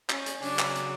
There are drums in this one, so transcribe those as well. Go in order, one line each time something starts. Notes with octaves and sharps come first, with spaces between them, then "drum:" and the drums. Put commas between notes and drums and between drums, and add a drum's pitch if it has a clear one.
C#4, drum: clap
drum: hi-hat
C#3 F#3 C#4 D4, drum: open hi-hat
drum: clap
drum: hi-hat